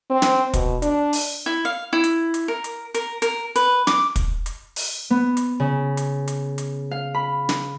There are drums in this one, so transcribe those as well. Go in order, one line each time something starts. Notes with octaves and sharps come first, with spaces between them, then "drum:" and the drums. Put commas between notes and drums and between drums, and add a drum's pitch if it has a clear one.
C4
drum: snare
B2, drum: kick, hi-hat
D4, drum: hi-hat
drum: open hi-hat
E4
F5
E4
drum: hi-hat
drum: hi-hat
A#4
drum: hi-hat
A#4, drum: hi-hat
A#4, drum: hi-hat
B4, drum: hi-hat
D6, drum: snare
drum: kick, hi-hat
drum: hi-hat
drum: open hi-hat
B3
drum: hi-hat
C#3
drum: hi-hat
drum: hi-hat
drum: hi-hat
F5
B5
drum: snare